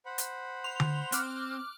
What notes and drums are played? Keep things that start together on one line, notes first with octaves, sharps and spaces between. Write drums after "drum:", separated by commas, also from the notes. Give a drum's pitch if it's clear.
C5 F#5 B5
drum: hi-hat
C6 F7
drum: tom D3
C4 D6 F6 F#6, drum: hi-hat